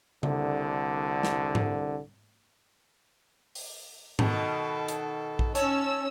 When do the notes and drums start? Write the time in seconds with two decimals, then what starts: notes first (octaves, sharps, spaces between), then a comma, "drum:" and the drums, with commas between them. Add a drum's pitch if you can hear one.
0.23 C2 D3, drum: tom C#3
1.23 drum: snare
1.55 drum: tom G#2
3.55 drum: open hi-hat
4.19 B2 D#3 A4, drum: tom G#2
4.88 drum: hi-hat
5.39 drum: kick A#1
5.55 C#4 C#5 A5 E6, drum: hi-hat